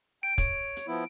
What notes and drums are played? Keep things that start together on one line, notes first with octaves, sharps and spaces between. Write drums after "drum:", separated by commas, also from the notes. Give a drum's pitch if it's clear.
G5 D7
C#5, drum: kick, hi-hat
drum: hi-hat
F3 B3 E4